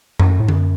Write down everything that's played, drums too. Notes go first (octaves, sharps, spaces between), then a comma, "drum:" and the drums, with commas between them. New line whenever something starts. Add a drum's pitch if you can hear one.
F#2, drum: tom F#2
A2
F#2, drum: tom D3